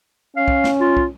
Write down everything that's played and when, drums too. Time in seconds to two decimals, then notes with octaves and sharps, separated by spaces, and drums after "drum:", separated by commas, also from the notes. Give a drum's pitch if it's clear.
0.37 C#4 F5
0.48 drum: kick
0.64 drum: snare
0.80 F4
0.97 drum: kick